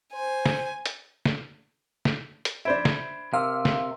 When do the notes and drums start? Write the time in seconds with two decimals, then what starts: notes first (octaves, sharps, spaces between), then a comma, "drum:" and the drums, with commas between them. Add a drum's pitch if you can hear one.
0.13 C5 G#5
0.46 drum: snare
0.86 drum: hi-hat
1.25 drum: snare
2.05 drum: snare
2.45 drum: hi-hat
2.65 D4 C5 E5 B5 G#6 D7
2.85 drum: snare
3.34 C3 A#4 F5 E6
3.65 drum: snare